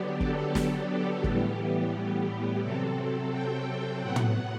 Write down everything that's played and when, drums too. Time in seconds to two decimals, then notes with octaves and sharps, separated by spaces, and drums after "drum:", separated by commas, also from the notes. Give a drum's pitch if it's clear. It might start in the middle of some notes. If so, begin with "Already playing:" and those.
Already playing: D3 F#3 B3 D4 G4
0.20 A4, drum: kick
0.55 G4, drum: snare
1.24 A2 E3 G3 B3, drum: kick
2.62 C3 F#3 C4 A4
3.32 G5
4.01 A2 F#3 B3 F#5
4.16 drum: tom